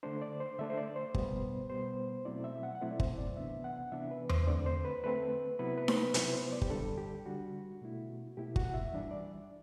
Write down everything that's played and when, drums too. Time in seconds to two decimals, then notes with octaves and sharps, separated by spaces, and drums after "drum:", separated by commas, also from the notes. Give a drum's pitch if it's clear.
0.03 D3 A3 D4 C5
0.22 D5
0.40 C5
0.59 D3 A3 D4 E5
0.70 C5
0.77 D5
0.96 C5
1.14 B2 G3 B3, drum: kick G1
1.70 B2 G3 B3 C5
2.25 B2 F#3 A3 C4 E4 D5
2.44 E5
2.63 F#5
2.75 F#5
2.82 B2 F#3 A3 C4 E4 E5
2.91 D5
3.00 C5, drum: kick G1
3.18 D5
3.36 C3 E3 B3 D4 E5
3.64 F#5
3.92 C3 E3 B3 D4 E5
4.11 B4
4.29 C5, drum: tom E2
4.47 D3 A3 C4 D5
4.66 C5
4.85 B4
5.04 D3 A3 C4 B4
5.59 C3 F#3 B3 E4 B4
5.78 B4
5.88 C5, drum: snare D#4
5.97 B4
6.14 C3 F#3 B3 E4 B4, drum: hi-hat
6.33 C5
6.52 D5
6.62 G4, drum: kick G1
6.70 D3 G3 D4 A4
6.98 G4
7.26 D3 G3 D4 F#4
7.82 B2 A3 E4
8.37 B2 A3 E4 G4
8.56 F#4, drum: kick G1
8.65 F#5
8.74 E5
8.92 E3 G3 D4 E5
9.11 D5